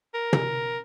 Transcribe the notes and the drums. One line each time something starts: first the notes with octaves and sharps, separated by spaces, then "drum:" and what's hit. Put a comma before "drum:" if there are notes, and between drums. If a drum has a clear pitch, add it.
A#4
drum: tom